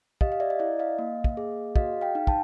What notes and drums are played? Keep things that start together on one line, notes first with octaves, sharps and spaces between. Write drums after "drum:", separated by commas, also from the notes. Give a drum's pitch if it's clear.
G4 D#5 F5, drum: kick
F5
D5 E5
D#5
E4 D5 E5
D#5 F5
A#3
drum: kick
G#4
F#4 D#5 F5, drum: kick
F5 G5
D#4
G5 A5, drum: kick